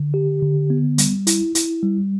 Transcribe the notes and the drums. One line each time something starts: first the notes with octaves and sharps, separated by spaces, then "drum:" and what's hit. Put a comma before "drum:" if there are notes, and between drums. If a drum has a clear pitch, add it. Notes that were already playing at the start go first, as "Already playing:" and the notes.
Already playing: D3
G4
D3
B3
G3, drum: hi-hat
E4, drum: hi-hat
E4, drum: hi-hat
G3